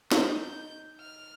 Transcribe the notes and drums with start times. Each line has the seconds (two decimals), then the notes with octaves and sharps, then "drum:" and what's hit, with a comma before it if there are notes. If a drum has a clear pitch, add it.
0.11 D#4 G6, drum: snare
0.41 G6
1.00 F6